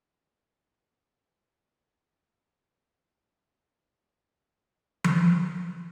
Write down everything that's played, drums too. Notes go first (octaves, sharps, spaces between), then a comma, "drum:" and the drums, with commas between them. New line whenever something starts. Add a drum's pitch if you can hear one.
G#5
B4
G#5
B6
C3
C#5
G#3 B4
drum: tom F3